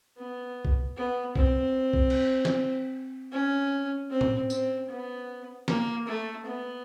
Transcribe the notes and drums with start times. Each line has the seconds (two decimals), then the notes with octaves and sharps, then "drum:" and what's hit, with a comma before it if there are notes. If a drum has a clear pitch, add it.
0.17 B3
0.65 drum: kick
0.96 B3
1.36 C4, drum: kick
1.93 drum: kick
2.10 drum: cymbal
2.45 drum: snare
3.32 C#4
4.10 C4
4.21 drum: tom A2
4.50 C4, drum: tambourine
4.89 B3
5.68 A#3, drum: snare
6.07 A3
6.46 B3